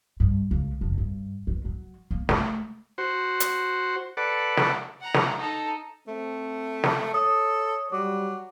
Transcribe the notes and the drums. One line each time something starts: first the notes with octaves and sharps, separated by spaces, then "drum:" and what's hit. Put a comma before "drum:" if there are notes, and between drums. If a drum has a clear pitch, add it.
G2
C#2
F1
G2
E3
F#3
A#3
A3, drum: snare
F#4 C5
drum: hi-hat
A4 B4 D5 F#5
drum: snare
F#5 A#5
drum: snare
D#4 A4
A3 C4
drum: snare
A4 C#5 D#6
F#3 G3 D6